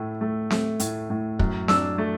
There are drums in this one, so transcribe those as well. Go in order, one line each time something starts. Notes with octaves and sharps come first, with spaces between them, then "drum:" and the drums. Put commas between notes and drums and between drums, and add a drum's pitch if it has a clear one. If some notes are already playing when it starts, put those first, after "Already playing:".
Already playing: A2 A3
A3
A3, drum: snare C4
A2, drum: hi-hat
A2
F#2, drum: kick
D4 E6, drum: snare C4
A3